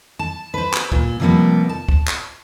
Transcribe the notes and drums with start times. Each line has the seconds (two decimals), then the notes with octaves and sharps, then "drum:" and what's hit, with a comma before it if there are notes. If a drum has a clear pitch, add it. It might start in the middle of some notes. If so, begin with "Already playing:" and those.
0.19 A5
0.54 B4 C5
0.74 drum: clap
0.92 A#2, drum: kick
1.20 C3 F3 G3 A#3 B3
1.69 A5
1.89 drum: kick
2.08 drum: clap